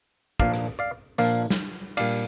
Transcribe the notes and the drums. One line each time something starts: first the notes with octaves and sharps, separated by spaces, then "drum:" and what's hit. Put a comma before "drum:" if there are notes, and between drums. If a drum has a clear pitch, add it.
A#2 F3 A#3 D4 D5 F5, drum: kick
drum: rim click
D5 F5
A#2 F3 A#3 D4 D5 F5, drum: tambourine
drum: snare
A#2 G3 D4 D5 F5, drum: cymbal